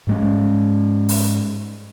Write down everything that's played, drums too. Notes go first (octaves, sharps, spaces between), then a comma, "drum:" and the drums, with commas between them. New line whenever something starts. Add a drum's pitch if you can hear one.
G#2 G#3 C#4
drum: open hi-hat